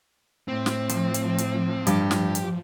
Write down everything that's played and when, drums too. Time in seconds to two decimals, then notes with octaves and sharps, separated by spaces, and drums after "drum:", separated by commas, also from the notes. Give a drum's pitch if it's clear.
0.48 A2 C4
0.66 drum: snare
0.89 F3, drum: hi-hat
1.14 drum: hi-hat
1.38 drum: hi-hat
1.87 G2 G4, drum: hi-hat
2.11 drum: snare
2.35 drum: hi-hat